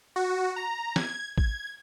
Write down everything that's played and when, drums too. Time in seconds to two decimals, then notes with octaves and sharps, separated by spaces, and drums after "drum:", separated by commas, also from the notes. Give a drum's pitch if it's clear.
0.16 F#4
0.56 A#5
0.96 G#6, drum: snare
1.38 G#6, drum: kick A1